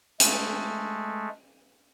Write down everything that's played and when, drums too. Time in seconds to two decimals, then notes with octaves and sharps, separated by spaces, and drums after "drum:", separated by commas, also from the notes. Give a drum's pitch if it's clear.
0.20 G#3 A3, drum: hi-hat